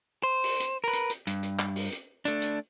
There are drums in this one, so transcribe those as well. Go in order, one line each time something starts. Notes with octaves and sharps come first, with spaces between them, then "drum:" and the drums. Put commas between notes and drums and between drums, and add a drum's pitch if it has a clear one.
C5
drum: open hi-hat
drum: hi-hat
A#4 B4
drum: hi-hat
drum: hi-hat
G2, drum: hi-hat
drum: hi-hat
drum: clap
drum: open hi-hat
drum: hi-hat
A3 D4, drum: hi-hat
drum: hi-hat